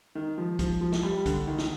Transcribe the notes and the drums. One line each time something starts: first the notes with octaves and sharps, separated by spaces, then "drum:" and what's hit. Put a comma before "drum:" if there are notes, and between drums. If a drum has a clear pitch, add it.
D#3
F3
F3, drum: kick, hi-hat
F3
drum: snare
G3
D3, drum: kick, hi-hat
D#3
drum: snare